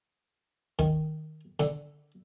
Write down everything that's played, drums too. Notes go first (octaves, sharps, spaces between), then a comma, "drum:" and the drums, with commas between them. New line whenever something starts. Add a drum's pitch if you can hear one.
D#3, drum: kick
D3, drum: hi-hat